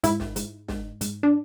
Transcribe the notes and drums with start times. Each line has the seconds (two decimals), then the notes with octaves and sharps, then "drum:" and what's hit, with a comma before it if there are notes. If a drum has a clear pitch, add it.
0.04 G#2 E4, drum: hi-hat
0.20 drum: snare
0.36 G#2, drum: hi-hat
0.68 G#2, drum: snare
1.01 G#2, drum: hi-hat
1.23 D4